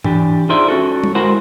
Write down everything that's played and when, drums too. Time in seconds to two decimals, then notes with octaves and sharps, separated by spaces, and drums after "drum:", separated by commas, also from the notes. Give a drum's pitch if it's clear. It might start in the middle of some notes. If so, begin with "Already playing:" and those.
0.04 E3 D4 G4, drum: tom G#2
0.49 D#4 F4 G#4 C5 D5 E5
0.68 C#4 F#4 A4
1.04 drum: tom
1.15 G#3 E4 F#4 A#4 C5 F#5